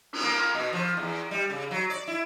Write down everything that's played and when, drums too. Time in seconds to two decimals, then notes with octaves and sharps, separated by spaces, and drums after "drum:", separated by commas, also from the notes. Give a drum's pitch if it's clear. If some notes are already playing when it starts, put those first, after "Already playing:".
0.13 drum: cymbal
0.23 A#3
0.55 B2
0.73 F3
0.97 E2
1.31 G3
1.50 C#3
1.71 F#3
1.90 D5
2.08 E4